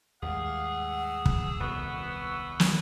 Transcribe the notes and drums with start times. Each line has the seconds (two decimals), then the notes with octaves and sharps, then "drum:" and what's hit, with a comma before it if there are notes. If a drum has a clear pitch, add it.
0.22 D#2 G#2 G3 G#4 F5 F#5
0.76 E6
1.26 drum: kick
1.60 D#1 C2 F2 B3 C#6
2.60 drum: snare